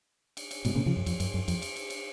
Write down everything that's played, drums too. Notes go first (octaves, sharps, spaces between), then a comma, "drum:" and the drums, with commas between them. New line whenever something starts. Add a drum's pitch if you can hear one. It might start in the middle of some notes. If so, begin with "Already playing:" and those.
drum: cymbal
drum: cymbal
G#2 B2, drum: cymbal
A#2 C#3
C#3 F3
F#2
F2, drum: cymbal
F#2, drum: cymbal
F#2
F2, drum: cymbal
drum: cymbal
drum: cymbal
drum: cymbal